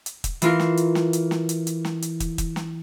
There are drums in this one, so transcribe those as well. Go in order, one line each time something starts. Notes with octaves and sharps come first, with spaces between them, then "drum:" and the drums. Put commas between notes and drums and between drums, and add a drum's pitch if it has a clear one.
drum: hi-hat
drum: kick, hi-hat
E3 F4 A#4, drum: hi-hat
drum: snare
drum: hi-hat
drum: snare
drum: hi-hat
drum: snare
drum: hi-hat
drum: hi-hat
drum: snare
drum: hi-hat
drum: kick, hi-hat
drum: kick, hi-hat
drum: snare